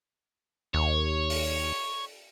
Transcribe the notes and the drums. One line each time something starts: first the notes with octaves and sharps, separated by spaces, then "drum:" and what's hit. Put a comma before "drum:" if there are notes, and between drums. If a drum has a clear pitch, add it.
D#2 C#5
drum: open hi-hat